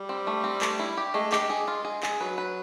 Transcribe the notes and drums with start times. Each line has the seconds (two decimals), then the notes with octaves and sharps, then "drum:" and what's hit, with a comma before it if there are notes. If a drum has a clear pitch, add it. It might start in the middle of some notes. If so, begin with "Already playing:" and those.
Already playing: G3
0.09 C4
0.27 A3
0.44 C4
0.62 A3, drum: clap
0.79 E4
0.97 G4
1.14 G#3 A3
1.32 G#3 G4, drum: clap
1.50 G#3 G#4
1.68 F4
1.85 G#4
2.03 G#4, drum: clap
2.21 F#3 B4
2.38 B4